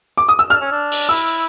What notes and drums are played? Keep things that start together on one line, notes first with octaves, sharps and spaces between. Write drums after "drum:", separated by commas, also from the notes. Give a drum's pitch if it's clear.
D6
D#6
E6
D4 F6
C#4
D4
drum: open hi-hat
E4 E6